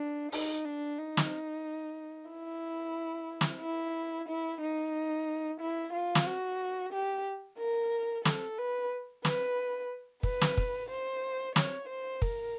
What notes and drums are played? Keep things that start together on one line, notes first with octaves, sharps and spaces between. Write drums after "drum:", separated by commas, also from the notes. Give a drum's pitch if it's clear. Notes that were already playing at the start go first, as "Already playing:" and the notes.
Already playing: D4
D#4, drum: open hi-hat
D4
D#4
drum: snare
E4
drum: snare
E4
E4
D#4
E4
F4
drum: snare
F#4
G4
A#4
A4, drum: snare
B4
B4, drum: snare
B4, drum: kick
drum: snare
drum: kick
C5
C#5, drum: snare
C5
A#4, drum: kick